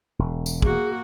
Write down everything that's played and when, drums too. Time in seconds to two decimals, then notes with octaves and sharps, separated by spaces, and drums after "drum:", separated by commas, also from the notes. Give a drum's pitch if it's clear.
0.19 E1
0.46 drum: tambourine
0.62 A#3 F#4 G#4, drum: kick